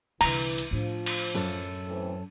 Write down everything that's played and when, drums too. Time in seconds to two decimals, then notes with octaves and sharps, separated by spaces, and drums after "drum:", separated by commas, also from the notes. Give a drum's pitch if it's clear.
0.21 C2 D3 E3 A#5, drum: cymbal
0.58 drum: hi-hat
0.71 A2 F3 D4
1.06 drum: cymbal
1.34 F#2 A4
1.86 E3 A3 C4